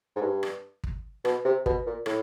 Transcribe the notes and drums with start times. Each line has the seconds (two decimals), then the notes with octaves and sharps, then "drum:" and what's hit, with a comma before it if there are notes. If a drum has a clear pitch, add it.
0.16 G#2
0.22 G2
0.43 drum: rim click
0.84 drum: kick
1.25 B2, drum: rim click
1.45 C3
1.66 B2, drum: kick
1.86 A#2
2.06 A2, drum: rim click